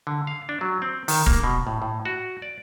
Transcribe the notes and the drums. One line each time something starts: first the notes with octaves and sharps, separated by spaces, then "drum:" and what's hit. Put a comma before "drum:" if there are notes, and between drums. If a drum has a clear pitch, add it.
D3
F5
D4
F#3
C4
D#3, drum: open hi-hat
A#3, drum: kick
B2
A2
A2
F#4
D5